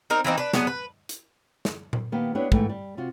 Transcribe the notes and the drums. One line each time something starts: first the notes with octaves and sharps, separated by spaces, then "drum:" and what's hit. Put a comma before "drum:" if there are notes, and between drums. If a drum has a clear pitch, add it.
C4 D#4 A#4
E3 A#3 C4 D#4
D4 B4
F#3 B3 D4 G#4, drum: snare
B4
drum: hi-hat
drum: snare
drum: tom A#2
D#3 A#3 B3 G4
B3 D4 E4 G4 C#5
G#2 E3 A3 B3 D#4 G5, drum: kick
G3
C3 F4 F#4